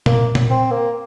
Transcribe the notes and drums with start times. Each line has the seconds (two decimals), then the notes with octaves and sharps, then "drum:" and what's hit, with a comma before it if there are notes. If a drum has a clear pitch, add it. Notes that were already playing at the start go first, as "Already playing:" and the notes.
0.06 A#3, drum: tom A#2
0.35 drum: tom A#2
0.50 C4
0.71 A#3